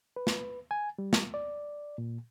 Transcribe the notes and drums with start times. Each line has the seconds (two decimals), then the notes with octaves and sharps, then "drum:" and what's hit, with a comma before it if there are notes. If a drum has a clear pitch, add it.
0.16 B4
0.27 drum: snare
0.71 G#5
0.99 G3
1.13 drum: snare
1.34 D5
1.98 A#2